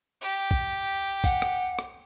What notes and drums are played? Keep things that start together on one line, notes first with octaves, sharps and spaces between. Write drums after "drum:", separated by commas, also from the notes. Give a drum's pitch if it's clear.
G4
drum: kick
F#5, drum: kick
drum: rim click
drum: rim click